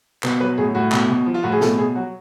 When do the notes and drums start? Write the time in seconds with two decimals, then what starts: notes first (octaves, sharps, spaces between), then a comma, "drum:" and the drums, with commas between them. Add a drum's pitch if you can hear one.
0.23 B2 B4, drum: clap
0.40 F#3 B4
0.58 A2 G#4
0.75 A2 F#4
0.92 B2, drum: clap
1.09 B2
1.26 F3
1.34 F4
1.43 A2 F#4
1.52 G#4
1.61 B2 A4, drum: snare
1.78 B2 G#4
1.95 F#3 F#4